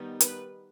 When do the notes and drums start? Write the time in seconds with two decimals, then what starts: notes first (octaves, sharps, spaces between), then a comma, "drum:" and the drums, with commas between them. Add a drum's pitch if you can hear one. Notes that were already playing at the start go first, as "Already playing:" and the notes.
Already playing: D#3 G3 B3 D#4
0.20 B4, drum: hi-hat